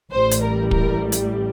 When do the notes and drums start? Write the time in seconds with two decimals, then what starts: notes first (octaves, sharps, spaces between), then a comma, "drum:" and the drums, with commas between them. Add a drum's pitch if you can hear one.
0.11 A1 A2 G3 C5
0.31 drum: hi-hat
0.42 A#4
0.71 A#4, drum: kick
1.12 drum: hi-hat